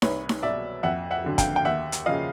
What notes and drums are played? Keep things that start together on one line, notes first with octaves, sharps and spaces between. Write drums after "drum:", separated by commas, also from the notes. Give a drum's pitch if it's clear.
C2 B4 C#5, drum: snare D#4
drum: snare D#4
B2 F#3 D5 E5
F2 E5 F#5
E5 F#5
D3 F#3
F5 G5, drum: kick, hi-hat
G5
D#2 E5 F#5
drum: hi-hat
C#3 F3 D#5 F5